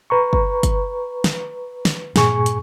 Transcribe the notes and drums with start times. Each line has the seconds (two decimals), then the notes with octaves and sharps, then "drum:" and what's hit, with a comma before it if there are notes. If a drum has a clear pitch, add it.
0.10 B4 A#5 C#6
0.33 drum: kick
0.63 drum: kick, hi-hat
1.24 drum: snare
1.85 drum: snare
2.16 G2 A#2 G#4 G#5 C#6, drum: snare
2.46 drum: hi-hat